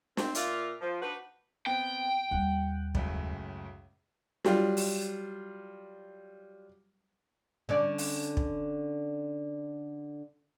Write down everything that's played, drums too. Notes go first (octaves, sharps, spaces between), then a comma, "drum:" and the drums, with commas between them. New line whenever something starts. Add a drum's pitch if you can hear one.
C4, drum: snare
A#2 F4 A#4 D5 E5 F5, drum: hi-hat
F3
D4 D#4 F#4 B4
B3 C4 G5
D#2 G3 F#5
C#2 F#2 A2, drum: kick
F#3 G3 F4, drum: snare
drum: open hi-hat
D3 C#4 D5
drum: open hi-hat
drum: kick